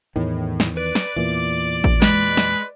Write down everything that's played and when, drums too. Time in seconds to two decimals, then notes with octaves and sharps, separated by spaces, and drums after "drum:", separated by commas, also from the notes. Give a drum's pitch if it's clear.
0.16 E2 A2 D#3
0.60 drum: snare
0.77 B4 D5
0.95 drum: snare
1.16 E2 A#2 E3 D6
1.84 drum: kick A1
2.02 G#3 B4, drum: snare
2.37 drum: snare